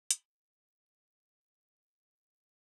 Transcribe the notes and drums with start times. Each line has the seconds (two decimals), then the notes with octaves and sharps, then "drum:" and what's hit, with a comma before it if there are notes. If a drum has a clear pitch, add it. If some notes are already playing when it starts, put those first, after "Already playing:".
0.11 G#5, drum: hi-hat
0.29 G#4
0.58 D#4
0.95 G4
1.37 D4
1.83 A#3
2.12 G3